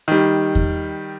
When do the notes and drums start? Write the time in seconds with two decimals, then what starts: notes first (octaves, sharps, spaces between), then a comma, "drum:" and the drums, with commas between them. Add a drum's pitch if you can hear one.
0.08 D#3 G3
0.55 drum: kick E2